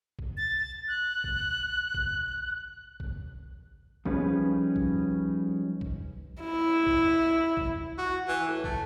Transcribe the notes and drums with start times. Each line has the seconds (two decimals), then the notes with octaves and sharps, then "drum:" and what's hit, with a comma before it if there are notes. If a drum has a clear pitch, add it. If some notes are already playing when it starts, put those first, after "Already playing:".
0.19 drum: kick
0.37 A6
0.88 F#6
1.24 drum: kick
1.94 drum: kick
3.00 drum: kick
4.05 F3 G3 C#4 D#4 G#4 B4, drum: kick
4.76 drum: kick
5.81 drum: kick
6.41 E4
6.87 drum: kick
7.57 drum: kick
7.98 F#4
8.28 E3
8.48 A2
8.64 A3, drum: kick